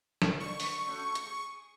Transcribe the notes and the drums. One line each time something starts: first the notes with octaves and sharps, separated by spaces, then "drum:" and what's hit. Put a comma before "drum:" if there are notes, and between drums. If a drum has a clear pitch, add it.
drum: snare
D3 C#6
drum: open hi-hat
A3 C#4 F#4
drum: hi-hat
G#4